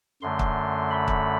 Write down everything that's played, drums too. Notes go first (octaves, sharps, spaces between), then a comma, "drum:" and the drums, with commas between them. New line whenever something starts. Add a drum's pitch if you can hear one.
F#2 D3 A3 C6
drum: kick
B5
drum: kick